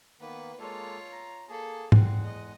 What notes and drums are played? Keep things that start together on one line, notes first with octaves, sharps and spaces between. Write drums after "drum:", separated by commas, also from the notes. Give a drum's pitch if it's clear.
D#3 A#3 B3 B4
G#3 A#3 F4 A4 C#5
A#5
A#3 G#4 A4
E2 G#3 C4 F#5, drum: tom G#2
D#5